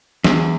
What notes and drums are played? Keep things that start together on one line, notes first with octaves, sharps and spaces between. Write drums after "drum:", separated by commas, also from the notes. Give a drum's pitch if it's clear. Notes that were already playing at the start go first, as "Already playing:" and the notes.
E2, drum: snare